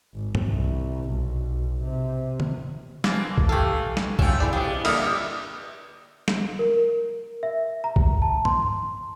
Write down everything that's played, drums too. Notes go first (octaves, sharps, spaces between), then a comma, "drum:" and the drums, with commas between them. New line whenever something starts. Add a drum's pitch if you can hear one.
G#1
drum: tom G2
C2
B1
C3
drum: tom
E3 A#3 C4 A5, drum: snare
drum: kick
E3 A3 G4 A4 F5
drum: snare
E3 A3 C#4 F4 E5 G5, drum: kick
E4 G#4 D5
C3 B3 D4 G4 D#5 F5
A#2 D3 G3 A#4 E5 D#6 F6, drum: cymbal
drum: snare
A#4
E5
A#5
drum: kick
A5
C6, drum: tom G2